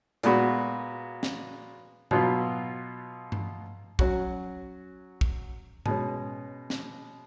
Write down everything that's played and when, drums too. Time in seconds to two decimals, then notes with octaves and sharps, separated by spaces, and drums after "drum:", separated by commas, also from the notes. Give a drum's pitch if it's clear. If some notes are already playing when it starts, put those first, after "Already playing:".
0.23 A#2 G#3 B3 F#4, drum: hi-hat
1.23 drum: snare
2.11 B2 F#3 B3 F4, drum: tom G#2
3.32 drum: tom G2
3.99 F#3 C#4 F#4, drum: kick
5.21 drum: kick
5.86 B2 G#3 C#4, drum: tom G#2
6.70 drum: snare